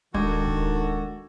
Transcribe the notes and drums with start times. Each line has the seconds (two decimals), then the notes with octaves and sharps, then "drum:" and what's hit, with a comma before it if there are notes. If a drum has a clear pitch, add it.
0.14 D#3 G#3 D4 F#4 A4 D6 G#6, drum: kick D1
0.48 drum: kick D1